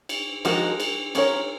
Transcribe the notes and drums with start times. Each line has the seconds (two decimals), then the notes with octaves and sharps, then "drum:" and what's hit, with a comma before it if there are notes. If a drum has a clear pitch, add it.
0.09 drum: cymbal
0.45 F3 G#3 D#4 F#4 A#4, drum: cymbal
0.80 drum: cymbal
1.15 C#4 F4 A#4 C#5, drum: cymbal